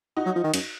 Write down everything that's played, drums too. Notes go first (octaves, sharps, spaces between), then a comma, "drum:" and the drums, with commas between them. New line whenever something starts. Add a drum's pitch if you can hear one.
D#4 F#4
F#3
F3
D#3
F#2, drum: cymbal